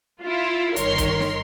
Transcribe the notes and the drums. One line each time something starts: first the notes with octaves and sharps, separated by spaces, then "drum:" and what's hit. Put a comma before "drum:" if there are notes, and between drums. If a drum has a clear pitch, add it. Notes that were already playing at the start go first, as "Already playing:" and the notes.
E4 F4
G1 D#3 A#4 C#5 C6, drum: hi-hat
drum: kick, hi-hat
drum: snare